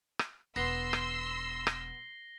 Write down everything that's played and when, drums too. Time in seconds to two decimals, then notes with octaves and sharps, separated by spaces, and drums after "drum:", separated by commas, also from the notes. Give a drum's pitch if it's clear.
0.19 drum: rim click
0.56 E1 B3 C6 E6 A#6 C7 G7
0.93 drum: rim click
1.67 drum: rim click